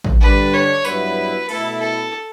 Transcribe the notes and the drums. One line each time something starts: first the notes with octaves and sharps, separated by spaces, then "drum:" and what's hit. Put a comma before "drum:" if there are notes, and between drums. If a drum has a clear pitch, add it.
drum: kick
G2 D3 G3 D4 B4
C#5
G2 F#3 B3 E4 B4, drum: tambourine
B2 A3 E4 A4, drum: cymbal
A4